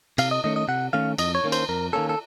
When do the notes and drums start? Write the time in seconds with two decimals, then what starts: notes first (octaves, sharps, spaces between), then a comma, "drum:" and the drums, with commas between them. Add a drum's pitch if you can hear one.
0.18 C3 F5, drum: cymbal
0.31 D#5
0.44 D#3 A3 C#4 D#5
0.56 D#5
0.68 C3 F#5
0.93 D#3 A3 C#4 F5
1.18 F2 D#5, drum: cymbal
1.35 C#5
1.44 D#3 A#3 C#4
1.52 C5, drum: cymbal
1.69 F2 A#4
1.93 D#3 A#3 C#4 A4
2.09 A4